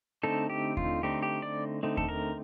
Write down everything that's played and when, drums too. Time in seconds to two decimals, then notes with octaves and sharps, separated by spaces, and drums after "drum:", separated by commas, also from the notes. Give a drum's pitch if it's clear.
0.23 D3 A3 C4 D#4 A4
0.50 G4
0.77 F4, drum: kick D#2
1.03 D3 A3 C4 D#4 G4
1.23 G4
1.42 D5
1.83 D3 A3 C4 D#4
1.97 A4, drum: kick D#2
2.09 A#4